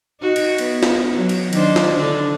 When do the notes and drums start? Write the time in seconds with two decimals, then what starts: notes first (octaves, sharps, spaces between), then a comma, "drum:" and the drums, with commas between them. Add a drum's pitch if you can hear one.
0.20 D#4 F#4
0.36 drum: cymbal
0.58 B3, drum: cymbal
0.83 drum: snare
1.12 F#3
1.29 drum: cymbal
1.53 D#3 D4 C5, drum: cymbal
1.76 drum: snare
1.95 D3 D4